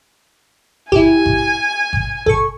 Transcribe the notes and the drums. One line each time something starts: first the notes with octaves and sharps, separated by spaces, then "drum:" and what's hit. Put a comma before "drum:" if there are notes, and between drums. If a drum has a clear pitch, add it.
E4 G4 G#5, drum: kick G#1
drum: kick G#1
drum: kick G#1
A4 C#6, drum: kick G#1